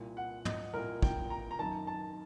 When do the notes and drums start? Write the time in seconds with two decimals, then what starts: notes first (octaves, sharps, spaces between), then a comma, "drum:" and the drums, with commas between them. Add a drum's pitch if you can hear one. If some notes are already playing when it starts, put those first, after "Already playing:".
Already playing: C2 A#2
0.17 F#5
0.45 D#5, drum: tom
0.73 C2 A#2 A#4
1.02 G5, drum: kick
1.30 A#5
1.51 A#5
1.59 F#2 D#3 A5
1.87 A5